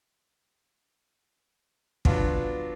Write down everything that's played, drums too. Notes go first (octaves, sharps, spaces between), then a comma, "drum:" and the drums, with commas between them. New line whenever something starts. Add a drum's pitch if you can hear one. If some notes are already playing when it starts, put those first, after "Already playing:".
F#3 B3 D4 F4, drum: kick